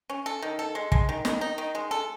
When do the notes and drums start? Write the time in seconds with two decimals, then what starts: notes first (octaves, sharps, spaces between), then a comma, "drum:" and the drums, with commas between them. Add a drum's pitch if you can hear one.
0.10 C#4
0.26 A4
0.42 D#3
0.59 A4
0.75 G#3
0.92 G#3, drum: kick
1.09 D#3
1.25 D#3, drum: snare
1.41 D#4
1.58 D#3
1.75 G#3
1.91 A4